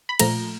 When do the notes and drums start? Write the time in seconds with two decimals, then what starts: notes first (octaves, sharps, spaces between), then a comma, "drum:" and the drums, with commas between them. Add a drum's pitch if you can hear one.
0.09 B5
0.19 A#2 F3 A3 A#5, drum: cymbal